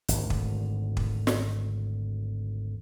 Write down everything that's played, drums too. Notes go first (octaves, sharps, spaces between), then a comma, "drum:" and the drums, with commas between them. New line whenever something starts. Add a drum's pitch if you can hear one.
G#1 D2, drum: hi-hat
drum: kick
drum: kick
drum: snare